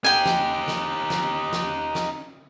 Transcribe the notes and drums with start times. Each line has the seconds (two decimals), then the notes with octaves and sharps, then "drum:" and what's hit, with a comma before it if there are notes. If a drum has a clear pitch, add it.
0.04 D#4 G4 G5 G#5
0.26 drum: snare
0.68 drum: snare
1.10 drum: snare
1.53 drum: snare
1.95 drum: snare